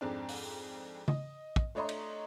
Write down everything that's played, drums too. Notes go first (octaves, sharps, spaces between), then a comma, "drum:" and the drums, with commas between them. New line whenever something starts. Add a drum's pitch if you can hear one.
F2 G#2 C4 D4
drum: open hi-hat
D#5, drum: tom C#3
drum: kick
A3 D4 C#5 D#5 A#5 C6
drum: cymbal